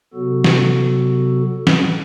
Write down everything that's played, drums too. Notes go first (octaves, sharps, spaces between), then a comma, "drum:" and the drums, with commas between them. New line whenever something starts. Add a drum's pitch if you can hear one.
C3 F#3 B3 F#4 A4
drum: snare
drum: snare